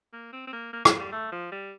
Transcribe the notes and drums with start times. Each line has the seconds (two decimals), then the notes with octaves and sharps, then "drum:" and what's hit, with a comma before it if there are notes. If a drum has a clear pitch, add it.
0.13 A#3
0.33 C4
0.48 C4
0.53 A#3
0.73 A#3
0.85 F3, drum: rim click
1.00 G3
1.13 A3
1.32 F3
1.52 G3